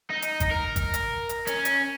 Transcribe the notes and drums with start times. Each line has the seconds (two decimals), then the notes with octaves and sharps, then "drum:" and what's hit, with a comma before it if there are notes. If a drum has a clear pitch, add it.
0.10 D#4
0.22 drum: hi-hat
0.40 drum: kick G#1, hi-hat
0.51 A#4
0.76 drum: kick G#1, hi-hat
0.94 drum: hi-hat
1.29 drum: hi-hat
1.47 C#4, drum: hi-hat
1.65 drum: hi-hat